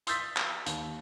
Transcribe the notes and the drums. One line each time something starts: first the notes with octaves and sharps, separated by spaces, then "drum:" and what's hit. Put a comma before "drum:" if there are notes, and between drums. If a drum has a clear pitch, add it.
C6 D#6 E6 G6 A6 B6, drum: hi-hat
drum: clap
D#2, drum: hi-hat